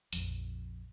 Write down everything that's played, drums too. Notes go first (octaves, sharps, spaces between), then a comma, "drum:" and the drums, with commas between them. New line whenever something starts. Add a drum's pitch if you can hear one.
A#1 F2, drum: hi-hat